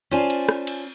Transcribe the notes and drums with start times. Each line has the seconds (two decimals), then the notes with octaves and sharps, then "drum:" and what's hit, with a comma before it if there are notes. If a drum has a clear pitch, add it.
0.11 C#4 F4 C5 D5 G#5 A5
0.30 drum: cymbal
0.49 drum: rim click
0.67 drum: cymbal